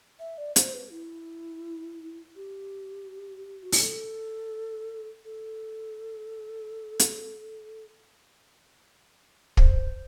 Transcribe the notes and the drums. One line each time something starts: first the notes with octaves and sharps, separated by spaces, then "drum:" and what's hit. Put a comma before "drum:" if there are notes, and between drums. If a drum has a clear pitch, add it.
E5
D5
C5, drum: hi-hat
B4
E4
G4
F#4
G4, drum: open hi-hat
A4
A4
drum: hi-hat
C5, drum: kick